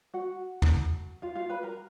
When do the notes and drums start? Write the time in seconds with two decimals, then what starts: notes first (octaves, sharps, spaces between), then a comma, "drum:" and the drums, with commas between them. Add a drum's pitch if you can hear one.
0.14 F#4 F#5
0.62 drum: tom
1.22 F4 F5
1.35 F4 F5
1.49 B4 B5
1.63 A#4 A#5